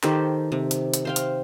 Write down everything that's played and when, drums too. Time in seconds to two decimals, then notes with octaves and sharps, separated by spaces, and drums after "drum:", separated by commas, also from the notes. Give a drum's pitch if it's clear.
0.03 D#3 G4 A4 C5, drum: clap
0.52 C3
0.71 drum: hi-hat
0.94 drum: hi-hat
1.05 C5 F5 G5
1.16 drum: hi-hat